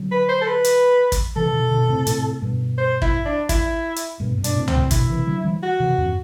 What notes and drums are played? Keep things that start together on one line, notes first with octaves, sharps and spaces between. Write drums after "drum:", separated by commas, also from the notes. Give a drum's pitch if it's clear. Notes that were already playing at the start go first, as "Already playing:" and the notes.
Already playing: D3 F#3
B4
C5
A4
B4
drum: hi-hat
drum: kick, hi-hat
C3 E3 A4
B2 D3
B2 D3
A2 C3
A2 C3, drum: hi-hat
G2 B2
C5
E4, drum: kick
D4
E4, drum: kick, hi-hat
drum: hi-hat
G2 B2
G2 B2
D4, drum: hi-hat
A2 C3
C4, drum: tom
A2 C3
B2 D3 E4, drum: kick, hi-hat
C3 E3
D3 F#3
E3 G3
F#4
C3 E3
E2 G2